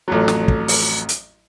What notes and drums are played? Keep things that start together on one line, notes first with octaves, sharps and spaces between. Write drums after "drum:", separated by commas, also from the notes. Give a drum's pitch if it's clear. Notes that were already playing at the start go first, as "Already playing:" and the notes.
A1 F2 F#3
drum: snare
drum: kick
drum: open hi-hat
drum: hi-hat